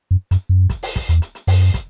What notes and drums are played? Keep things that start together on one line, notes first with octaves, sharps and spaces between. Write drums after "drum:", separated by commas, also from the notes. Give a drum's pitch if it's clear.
F#2
F#2, drum: hi-hat
F#2
drum: kick, hi-hat
drum: open hi-hat
drum: kick, hi-hat
E2, drum: hi-hat
drum: hi-hat
drum: hi-hat
F#2, drum: open hi-hat
drum: kick, hi-hat